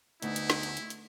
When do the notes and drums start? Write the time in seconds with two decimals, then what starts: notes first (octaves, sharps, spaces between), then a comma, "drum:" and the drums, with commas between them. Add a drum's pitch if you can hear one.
0.22 D2 B3 D#4 E4, drum: hi-hat
0.36 drum: hi-hat
0.50 drum: snare
0.63 drum: hi-hat
0.77 drum: hi-hat
0.90 drum: hi-hat